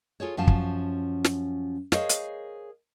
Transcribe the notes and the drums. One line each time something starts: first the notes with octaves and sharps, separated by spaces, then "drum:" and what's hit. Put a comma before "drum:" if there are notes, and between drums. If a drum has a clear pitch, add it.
F4 G#4 A4 C#5
F#2 F3 C#4 F5 A5
drum: kick
drum: snare
G#4 A#4 C5 C#5 D#5 F5, drum: snare
drum: hi-hat